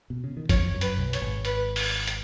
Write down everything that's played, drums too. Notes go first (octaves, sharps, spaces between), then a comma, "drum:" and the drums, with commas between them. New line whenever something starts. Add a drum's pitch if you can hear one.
B2
C#3
D#3
F2 F3 C#5, drum: kick, hi-hat
F#2 F#3
B4, drum: hi-hat
B1 B2
C#5, drum: hi-hat
G#1 G#2
B4, drum: hi-hat
drum: open hi-hat
drum: hi-hat